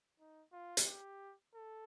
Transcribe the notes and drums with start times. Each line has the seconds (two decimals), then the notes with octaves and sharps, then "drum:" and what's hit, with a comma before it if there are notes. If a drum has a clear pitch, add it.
0.20 D#4
0.52 F4
0.77 drum: hi-hat
0.87 G4
1.54 A4